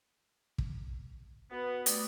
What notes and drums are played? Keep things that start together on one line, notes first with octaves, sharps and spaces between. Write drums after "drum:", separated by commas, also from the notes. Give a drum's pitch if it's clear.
drum: kick
B3 F#4 B4
G3 A3 D5 D#6, drum: hi-hat